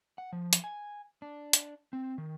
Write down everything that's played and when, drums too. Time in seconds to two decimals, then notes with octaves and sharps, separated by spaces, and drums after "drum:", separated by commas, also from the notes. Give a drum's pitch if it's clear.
0.18 F#5
0.33 F3
0.53 drum: hi-hat
0.64 G#5
1.22 D4
1.53 drum: hi-hat
1.93 C4
2.18 D#3